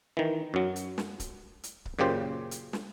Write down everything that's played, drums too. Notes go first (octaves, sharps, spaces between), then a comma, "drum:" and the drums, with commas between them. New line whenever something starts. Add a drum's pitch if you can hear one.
D#3 E3
F#2 F#3
drum: hi-hat
drum: snare
drum: kick C#1, hi-hat
drum: hi-hat
drum: kick C#1
F#2 A#2 C#3 G4 C5
drum: hi-hat
drum: snare